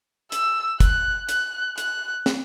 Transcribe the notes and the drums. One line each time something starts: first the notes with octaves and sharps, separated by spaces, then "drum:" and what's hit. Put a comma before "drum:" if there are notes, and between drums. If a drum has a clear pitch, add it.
E6, drum: hi-hat
F#6, drum: kick, hi-hat
F#6, drum: hi-hat
F#6, drum: hi-hat
drum: snare